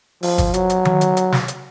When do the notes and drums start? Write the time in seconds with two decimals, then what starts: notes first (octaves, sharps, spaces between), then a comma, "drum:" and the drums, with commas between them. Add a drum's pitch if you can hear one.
0.23 F3, drum: open hi-hat
0.38 drum: kick, hi-hat
0.54 F#3, drum: hi-hat
0.70 drum: hi-hat
0.85 drum: tom D#3
1.01 drum: hi-hat
1.17 drum: hi-hat
1.32 drum: snare
1.48 drum: hi-hat